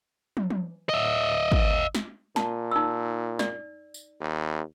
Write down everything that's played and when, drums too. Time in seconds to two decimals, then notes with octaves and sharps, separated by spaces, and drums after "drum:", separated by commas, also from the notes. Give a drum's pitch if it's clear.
0.37 drum: tom
0.50 drum: tom
0.89 D#5 E5
1.52 drum: kick
1.95 drum: snare
2.36 A#2 A5, drum: snare
2.71 D#4 E6
3.39 D5, drum: snare
3.94 drum: tambourine
4.21 D#2